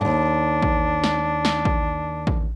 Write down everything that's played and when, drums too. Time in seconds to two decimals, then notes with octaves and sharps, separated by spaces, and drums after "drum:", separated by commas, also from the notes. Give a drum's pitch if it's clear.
0.01 D#2 G#2 D4
0.62 drum: kick A1
1.04 drum: snare
1.45 drum: snare
1.65 drum: kick A1
2.27 drum: kick A1